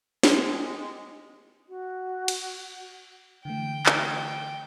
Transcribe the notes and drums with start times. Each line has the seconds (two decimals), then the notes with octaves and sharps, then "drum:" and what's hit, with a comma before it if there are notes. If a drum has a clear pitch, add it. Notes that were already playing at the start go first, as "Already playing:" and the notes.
0.23 G#3 G4, drum: snare
1.68 F#4
2.28 drum: cymbal
3.45 D3 E3 A3 G5
3.86 drum: clap